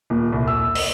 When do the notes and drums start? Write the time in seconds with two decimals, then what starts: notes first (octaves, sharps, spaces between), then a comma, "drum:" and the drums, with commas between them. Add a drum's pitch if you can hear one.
0.10 D#1
0.32 C2
0.48 E6
0.75 D#5, drum: open hi-hat